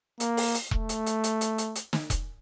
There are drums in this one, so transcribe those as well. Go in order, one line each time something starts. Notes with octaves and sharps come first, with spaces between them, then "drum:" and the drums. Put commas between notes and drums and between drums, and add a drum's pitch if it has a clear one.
A#3, drum: hi-hat
drum: open hi-hat
drum: hi-hat
A3, drum: kick E1
drum: hi-hat
drum: hi-hat
drum: hi-hat
drum: hi-hat
drum: hi-hat
drum: hi-hat
drum: snare
drum: kick E1, hi-hat